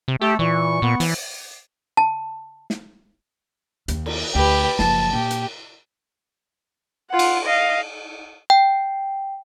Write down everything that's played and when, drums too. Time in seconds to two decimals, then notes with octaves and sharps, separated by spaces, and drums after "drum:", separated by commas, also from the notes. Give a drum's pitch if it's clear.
0.08 C3
0.21 A3 G4 A4
0.39 A#2 E3 C#6
0.82 A#2 B3
1.00 E3, drum: open hi-hat
1.97 A5
2.70 drum: snare
3.88 D#2, drum: hi-hat
4.06 drum: cymbal
4.35 D2 G4 B4
4.79 F#1 F3 A5, drum: snare
5.13 A#2 G4
5.31 drum: hi-hat
7.10 F4 F#5
7.19 drum: cymbal
7.46 D#5 F5
8.50 G5